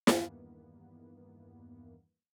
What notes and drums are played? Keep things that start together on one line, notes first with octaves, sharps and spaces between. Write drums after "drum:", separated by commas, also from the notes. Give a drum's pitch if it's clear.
E2 G2 D#3 E3 A#3 B3, drum: snare